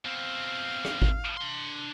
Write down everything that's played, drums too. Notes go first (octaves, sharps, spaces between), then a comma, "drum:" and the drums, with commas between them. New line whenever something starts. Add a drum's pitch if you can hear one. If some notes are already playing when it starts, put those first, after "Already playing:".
B2 C4 F5
drum: rim click
drum: kick G#1
D4 C6